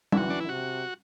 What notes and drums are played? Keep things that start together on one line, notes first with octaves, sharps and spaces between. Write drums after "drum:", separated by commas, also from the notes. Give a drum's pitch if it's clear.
E4, drum: tom G3
E3 F#4
D4
E4
C3 F#4